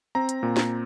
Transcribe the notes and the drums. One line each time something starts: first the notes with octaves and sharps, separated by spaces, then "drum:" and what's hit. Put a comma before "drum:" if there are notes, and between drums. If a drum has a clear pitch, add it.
C4 A#5
drum: hi-hat
A#2
drum: snare